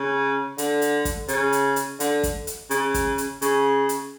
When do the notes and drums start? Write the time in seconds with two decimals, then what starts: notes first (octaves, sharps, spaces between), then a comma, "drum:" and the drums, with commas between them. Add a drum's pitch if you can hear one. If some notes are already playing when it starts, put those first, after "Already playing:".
Already playing: C#3
0.58 D3, drum: hi-hat
0.82 drum: hi-hat
1.05 drum: kick, hi-hat
1.28 C#3, drum: hi-hat
1.52 drum: hi-hat
1.76 drum: hi-hat
2.00 D3, drum: hi-hat
2.23 drum: kick, hi-hat
2.47 drum: hi-hat
2.71 C#3, drum: hi-hat
2.94 drum: kick, hi-hat
3.18 drum: hi-hat
3.42 C#3, drum: hi-hat
3.89 drum: hi-hat